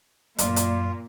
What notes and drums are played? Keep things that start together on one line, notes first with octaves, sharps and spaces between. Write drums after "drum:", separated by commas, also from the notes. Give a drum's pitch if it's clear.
F#2 A#2 A#3 F4 D5, drum: hi-hat
drum: hi-hat